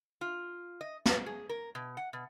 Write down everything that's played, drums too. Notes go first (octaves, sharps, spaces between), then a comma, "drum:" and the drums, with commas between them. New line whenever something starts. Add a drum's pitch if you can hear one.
F4
D#5
C#4, drum: snare
G#4
A#4
B2
F#5
B2